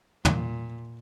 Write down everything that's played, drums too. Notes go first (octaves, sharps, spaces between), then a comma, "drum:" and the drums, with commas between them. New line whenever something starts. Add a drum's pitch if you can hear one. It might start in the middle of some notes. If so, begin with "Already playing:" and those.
A#2, drum: tom